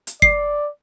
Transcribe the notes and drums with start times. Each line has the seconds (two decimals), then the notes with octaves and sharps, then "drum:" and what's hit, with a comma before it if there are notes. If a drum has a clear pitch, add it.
0.07 drum: hi-hat
0.22 D5 C7, drum: kick